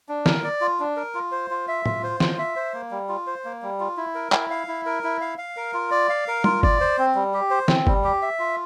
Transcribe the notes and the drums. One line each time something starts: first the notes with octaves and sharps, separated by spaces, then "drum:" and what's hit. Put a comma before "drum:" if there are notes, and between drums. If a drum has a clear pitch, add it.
D4
A#4, drum: snare
D5
F4
D4
A#4
F4
C5
F4
E5
F4, drum: tom
C5
F4, drum: snare
E5
C5
A#3
G3
F4
C5
A#3
G3
F4
E4
A#4
E4, drum: clap
F5
E4
A#4
E4
F5
F5
A#4
F4
D5
F5
A#4
F4, drum: tom
D5, drum: kick
C5
C4
G3
G4
C5
C4, drum: snare
G3, drum: kick
G4
E5
F4